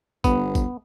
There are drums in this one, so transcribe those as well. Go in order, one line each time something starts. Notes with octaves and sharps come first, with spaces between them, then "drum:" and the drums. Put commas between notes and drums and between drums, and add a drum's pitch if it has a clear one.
G1 B3, drum: kick, tambourine
drum: kick, tambourine